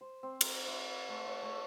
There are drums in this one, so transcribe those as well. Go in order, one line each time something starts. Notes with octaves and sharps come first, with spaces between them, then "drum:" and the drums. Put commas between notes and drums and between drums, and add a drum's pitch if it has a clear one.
C5
C4
A#4, drum: cymbal
E5
A3
C#5
A3